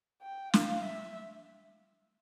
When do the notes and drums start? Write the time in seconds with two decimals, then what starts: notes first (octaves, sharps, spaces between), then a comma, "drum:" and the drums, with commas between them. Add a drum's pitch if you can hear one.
0.22 G5
0.53 F5, drum: snare
0.83 E5